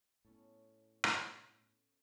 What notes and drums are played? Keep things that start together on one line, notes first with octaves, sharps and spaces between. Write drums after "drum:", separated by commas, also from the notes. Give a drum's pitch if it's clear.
A2 B3 C#4 A4
drum: rim click